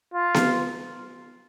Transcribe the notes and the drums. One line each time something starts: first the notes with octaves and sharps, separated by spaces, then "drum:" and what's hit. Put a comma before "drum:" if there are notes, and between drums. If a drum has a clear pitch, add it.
F4
drum: snare B3